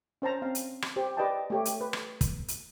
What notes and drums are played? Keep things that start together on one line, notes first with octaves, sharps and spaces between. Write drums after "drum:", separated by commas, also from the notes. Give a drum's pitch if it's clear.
C#4 C5 A5 A#5
C4 F5
drum: hi-hat
drum: rim click
G4 C5
G4 B4 D5 D#5 G5 A5
A3 G4 C#5
drum: hi-hat
B4
drum: rim click
drum: kick, hi-hat
drum: hi-hat